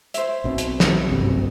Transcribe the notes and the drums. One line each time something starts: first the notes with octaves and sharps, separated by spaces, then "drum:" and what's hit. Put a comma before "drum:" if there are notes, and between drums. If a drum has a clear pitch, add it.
C5 C#5 E5, drum: hi-hat
B1 B2 C4
drum: hi-hat
drum: snare
F#1 D2 G2 C3